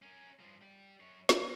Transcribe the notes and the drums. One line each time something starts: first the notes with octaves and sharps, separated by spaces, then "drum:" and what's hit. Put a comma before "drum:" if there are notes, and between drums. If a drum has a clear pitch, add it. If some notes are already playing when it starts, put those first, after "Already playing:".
C#4 A#4
G2 F3
G4 D5
F#2 C#5
D#4, drum: snare